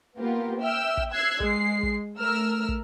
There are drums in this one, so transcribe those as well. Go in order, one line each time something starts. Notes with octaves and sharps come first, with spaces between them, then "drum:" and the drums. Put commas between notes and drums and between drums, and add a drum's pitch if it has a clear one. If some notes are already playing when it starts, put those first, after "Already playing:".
A#3 B3 F4 G4 A#4
E5 G5 E6 F6
drum: kick
E6 F#6 G#6 C7
G#3 C7, drum: kick
drum: kick
A3 A#4 E6 F6
drum: kick